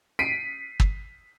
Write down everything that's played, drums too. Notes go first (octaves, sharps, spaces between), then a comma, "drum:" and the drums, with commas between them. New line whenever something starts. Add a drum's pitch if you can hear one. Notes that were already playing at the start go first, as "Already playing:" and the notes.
B6 C7 D7 D#7
drum: kick